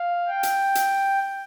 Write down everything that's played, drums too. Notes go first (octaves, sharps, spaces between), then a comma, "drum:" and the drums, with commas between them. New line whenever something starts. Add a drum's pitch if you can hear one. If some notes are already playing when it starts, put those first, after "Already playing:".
Already playing: F5
G5
drum: hi-hat
drum: hi-hat